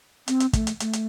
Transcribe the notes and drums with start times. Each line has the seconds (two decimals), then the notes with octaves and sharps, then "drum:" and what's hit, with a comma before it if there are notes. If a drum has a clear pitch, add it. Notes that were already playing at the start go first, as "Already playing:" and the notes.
0.28 C4, drum: hi-hat
0.40 drum: hi-hat
0.53 A3, drum: kick, hi-hat
0.67 drum: hi-hat
0.80 A3, drum: hi-hat
0.93 drum: hi-hat